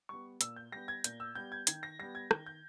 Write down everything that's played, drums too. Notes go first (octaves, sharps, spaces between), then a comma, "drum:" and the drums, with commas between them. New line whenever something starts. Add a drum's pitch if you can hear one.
G3 B3 C#6
A#2 E6, drum: hi-hat
G6
G3 B3 A#6
G#6
A#2 G6, drum: hi-hat
E6
G3 B3 G6
G#6
D#3 G#6, drum: hi-hat
A#6
G3 B3 A#6
G#6
D#3 G6, drum: rim click
G6